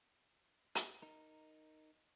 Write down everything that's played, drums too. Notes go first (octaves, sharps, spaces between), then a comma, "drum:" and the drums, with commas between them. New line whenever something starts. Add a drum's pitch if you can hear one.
drum: hi-hat
D#4 A#4